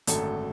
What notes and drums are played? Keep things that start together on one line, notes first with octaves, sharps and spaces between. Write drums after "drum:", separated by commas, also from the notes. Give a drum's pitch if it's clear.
G#1 F#2 D3 F#3 A3 A4, drum: hi-hat